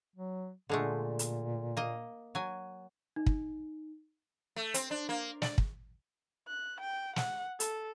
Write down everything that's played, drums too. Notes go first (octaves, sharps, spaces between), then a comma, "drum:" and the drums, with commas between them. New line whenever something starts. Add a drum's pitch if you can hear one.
F#3
A#2 D3 G#3 A3
drum: hi-hat
A#3 D#5
F#3 G#5
D#4
drum: kick
A3
C4, drum: hi-hat
D4
A#3
D5, drum: snare
drum: kick
F#6
G5
F#5, drum: snare
A4, drum: hi-hat